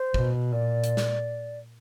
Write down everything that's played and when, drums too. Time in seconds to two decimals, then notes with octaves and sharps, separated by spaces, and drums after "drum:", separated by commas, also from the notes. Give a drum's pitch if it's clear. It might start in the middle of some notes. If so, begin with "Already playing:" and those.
Already playing: C5
0.14 B2, drum: kick
0.52 A#2 D5
0.84 drum: hi-hat
0.97 drum: snare